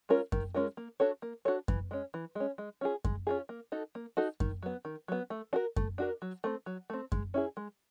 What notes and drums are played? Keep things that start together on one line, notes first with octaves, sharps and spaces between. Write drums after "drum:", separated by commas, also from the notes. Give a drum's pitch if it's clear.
G#3 C#4 F4 A#4
D#3, drum: kick F#2
G#3 C#4 F4 A#4
A#3
D4 F#4 A4 C#5
A#3
D4 F#4 A4 C#5
E3, drum: kick F#2
G#3 C#4
E3
G#3 C#4
G#3
C#4 F4 G#4
G#3, drum: kick F#2
C#4 F4 G#4
A#3
D#4 F#4 A4
A#3
D#4 F#4 A4
D#3, drum: kick F#2
F#3 B3
D#3
F#3 B3
A3
D4 F#4 A#4
A3, drum: kick F#2
D4 F#4 A#4
F#3
A3 C4
F#3
A3 C4
G#3, drum: kick F#2
C#4 E4 G#4
G#3